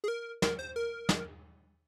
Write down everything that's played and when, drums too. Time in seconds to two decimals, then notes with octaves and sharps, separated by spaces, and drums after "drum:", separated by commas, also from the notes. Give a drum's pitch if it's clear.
0.04 G#4
0.08 A#4
0.42 A#4, drum: snare
0.59 C5
0.76 A#4
1.09 drum: snare